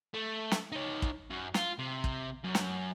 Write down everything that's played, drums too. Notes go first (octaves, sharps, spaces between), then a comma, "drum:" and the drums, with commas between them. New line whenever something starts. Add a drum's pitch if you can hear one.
A3
drum: snare
D#4 C#5
drum: kick
F#2
F4, drum: snare
C3
drum: kick
F#2
drum: snare